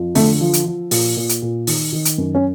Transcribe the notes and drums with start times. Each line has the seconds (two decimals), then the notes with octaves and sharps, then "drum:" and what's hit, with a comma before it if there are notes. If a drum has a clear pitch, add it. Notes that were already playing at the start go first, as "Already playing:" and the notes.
Already playing: F2 F3
0.15 D3 A3, drum: open hi-hat
0.41 F3
0.53 drum: hi-hat
0.66 F3
0.91 A#2, drum: open hi-hat
1.17 A#2
1.29 drum: hi-hat
1.42 A#2
1.67 D#3, drum: open hi-hat
1.92 D#3
2.05 drum: hi-hat
2.18 F#2
2.35 C#4